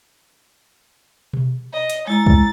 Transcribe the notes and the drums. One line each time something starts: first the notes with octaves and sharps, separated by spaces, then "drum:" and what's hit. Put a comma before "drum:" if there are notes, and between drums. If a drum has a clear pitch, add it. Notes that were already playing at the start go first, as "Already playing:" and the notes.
drum: tom B2
D#5
drum: hi-hat
G#3 E4 A#5 A6
drum: kick